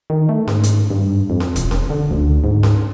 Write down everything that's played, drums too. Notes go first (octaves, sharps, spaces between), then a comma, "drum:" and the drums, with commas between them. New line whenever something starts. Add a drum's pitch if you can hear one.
D#3
A3
G#2, drum: snare C#4
drum: hi-hat
G2
F2
drum: snare C#4
E1, drum: kick D1, hi-hat
drum: snare C#4
D3
D2
G#2
drum: snare C#4